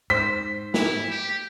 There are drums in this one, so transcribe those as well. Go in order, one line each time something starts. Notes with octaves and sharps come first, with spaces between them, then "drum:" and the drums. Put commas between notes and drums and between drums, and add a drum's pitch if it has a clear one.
G#2 C5 B6
E4, drum: snare
G4